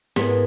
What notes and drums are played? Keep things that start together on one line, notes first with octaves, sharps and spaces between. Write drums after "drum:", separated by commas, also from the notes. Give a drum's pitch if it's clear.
G#2 G#3 B3 E4 A#4, drum: snare